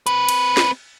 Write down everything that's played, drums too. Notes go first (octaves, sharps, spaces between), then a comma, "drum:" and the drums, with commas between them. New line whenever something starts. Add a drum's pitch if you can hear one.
C4 B4, drum: hi-hat
drum: cymbal
drum: snare